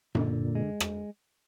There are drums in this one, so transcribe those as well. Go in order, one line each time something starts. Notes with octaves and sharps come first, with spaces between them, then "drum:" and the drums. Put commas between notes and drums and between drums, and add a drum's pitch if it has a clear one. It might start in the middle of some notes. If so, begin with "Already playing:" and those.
A#2 D3, drum: tom F#2
G#3
drum: rim click